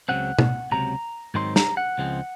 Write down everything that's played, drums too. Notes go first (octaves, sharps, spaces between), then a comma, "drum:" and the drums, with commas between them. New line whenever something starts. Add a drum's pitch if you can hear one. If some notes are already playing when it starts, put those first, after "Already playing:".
C#2 C#3 F#3 C4 F#5
drum: tom
C#2 C3 F#3 A#5
G#2 D#3 F#3 C4 D#4 C6
A#5, drum: snare
F#5
C#2 C#3 F3 G#3 C4